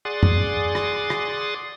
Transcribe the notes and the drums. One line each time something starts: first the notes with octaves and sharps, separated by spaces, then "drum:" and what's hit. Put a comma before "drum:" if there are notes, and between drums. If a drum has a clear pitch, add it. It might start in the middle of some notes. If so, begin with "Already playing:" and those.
G#4 D5 F#5 C6 D#6 A6
drum: tom F#2
drum: rim click
drum: rim click